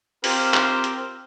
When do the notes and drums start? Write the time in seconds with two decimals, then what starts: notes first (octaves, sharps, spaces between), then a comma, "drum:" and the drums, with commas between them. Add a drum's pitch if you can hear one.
0.24 C4 F4 G4 A#4 C5, drum: open hi-hat
0.54 drum: clap
0.84 drum: hi-hat